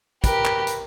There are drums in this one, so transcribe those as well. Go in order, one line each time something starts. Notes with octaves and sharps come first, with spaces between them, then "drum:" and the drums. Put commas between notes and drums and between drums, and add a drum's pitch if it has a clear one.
G4 A#4 B4, drum: kick, hi-hat
drum: clap
drum: hi-hat